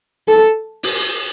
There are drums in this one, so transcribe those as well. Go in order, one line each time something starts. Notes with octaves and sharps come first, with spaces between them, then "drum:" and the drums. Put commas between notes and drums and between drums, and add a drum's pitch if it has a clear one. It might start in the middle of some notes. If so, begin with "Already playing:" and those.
A4
drum: open hi-hat